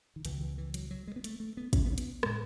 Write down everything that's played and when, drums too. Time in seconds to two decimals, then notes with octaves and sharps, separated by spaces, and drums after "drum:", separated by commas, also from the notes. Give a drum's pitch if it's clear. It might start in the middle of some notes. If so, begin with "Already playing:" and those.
0.16 D#3
0.25 C#2 B2 E3, drum: hi-hat
0.41 E3
0.58 E3
0.74 F#3, drum: hi-hat
0.91 F#3
1.08 G#3
1.16 B3
1.24 A3, drum: hi-hat
1.40 A3
1.57 B3
1.73 C#4, drum: kick, hi-hat
1.86 B3
1.93 C#4
1.98 B3, drum: hi-hat
2.23 A2 G#3, drum: rim click